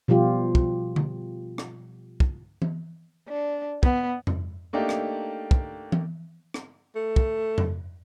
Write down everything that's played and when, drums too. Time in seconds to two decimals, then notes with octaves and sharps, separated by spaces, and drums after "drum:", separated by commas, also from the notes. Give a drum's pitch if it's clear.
0.08 B2 F3 G3 F4 G4
0.55 drum: kick
0.96 drum: tom D3
1.58 drum: rim click
2.20 drum: kick
2.62 drum: tom E3
3.29 D4
3.83 B3, drum: kick
4.27 drum: tom F2
4.73 A3 A#3 D4 D#4 G4
4.89 drum: rim click
5.51 drum: kick
5.92 drum: tom E3
6.54 drum: rim click
6.96 A3
7.16 drum: kick
7.58 drum: tom F2